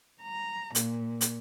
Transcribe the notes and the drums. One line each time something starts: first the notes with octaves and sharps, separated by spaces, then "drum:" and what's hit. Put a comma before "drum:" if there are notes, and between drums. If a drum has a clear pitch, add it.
A#5
A#2, drum: hi-hat
drum: hi-hat